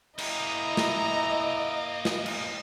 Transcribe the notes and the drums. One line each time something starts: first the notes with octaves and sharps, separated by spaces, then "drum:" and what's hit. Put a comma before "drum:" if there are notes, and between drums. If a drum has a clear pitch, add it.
A#3 E4 G#4 D#5 A#5, drum: cymbal
drum: snare
drum: snare
drum: cymbal